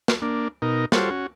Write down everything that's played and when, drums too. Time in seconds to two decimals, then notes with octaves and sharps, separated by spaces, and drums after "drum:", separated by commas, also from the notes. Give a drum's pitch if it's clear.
0.08 drum: snare
0.22 A#3 D4
0.62 B2 D#4 A#4
0.92 G3 F4 F#4 A4 C5 C#5, drum: snare
1.10 C#4 F#4